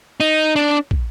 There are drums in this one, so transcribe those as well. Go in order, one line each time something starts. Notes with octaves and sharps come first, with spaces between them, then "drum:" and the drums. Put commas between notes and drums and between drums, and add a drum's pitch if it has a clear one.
D#4
D4
drum: kick